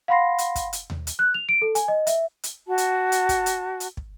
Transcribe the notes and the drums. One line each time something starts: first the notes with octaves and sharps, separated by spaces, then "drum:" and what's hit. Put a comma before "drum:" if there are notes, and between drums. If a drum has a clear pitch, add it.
F5 F#5 B5 C6 A#6 C7
drum: hi-hat
drum: kick, hi-hat
drum: hi-hat
drum: tom D#2
drum: hi-hat
F#6
F7
D7
A4
G#5, drum: hi-hat
D#5
E5, drum: hi-hat
drum: hi-hat
F#4 A5
drum: hi-hat
drum: hi-hat
drum: kick, hi-hat
drum: hi-hat
drum: hi-hat
drum: kick